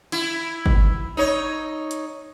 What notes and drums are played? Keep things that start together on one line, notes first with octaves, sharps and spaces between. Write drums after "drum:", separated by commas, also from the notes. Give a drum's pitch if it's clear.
E4, drum: cymbal
drum: kick G1
D#4 C#5
drum: hi-hat